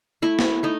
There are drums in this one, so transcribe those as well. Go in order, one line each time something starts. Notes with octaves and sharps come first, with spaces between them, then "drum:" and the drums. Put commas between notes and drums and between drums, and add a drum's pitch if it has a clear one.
A3 E4
drum: snare
A3 D#4